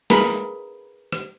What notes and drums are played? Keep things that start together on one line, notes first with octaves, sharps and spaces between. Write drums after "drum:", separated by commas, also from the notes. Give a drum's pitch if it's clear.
G#4 A#4 B4 B5, drum: snare
drum: rim click